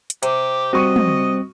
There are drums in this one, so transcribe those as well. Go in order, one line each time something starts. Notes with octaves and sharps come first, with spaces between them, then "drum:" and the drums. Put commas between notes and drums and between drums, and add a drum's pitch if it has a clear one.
drum: hi-hat
C3 G4, drum: hi-hat
G3 C4 F#4 D#5 C#6 D#7
drum: tom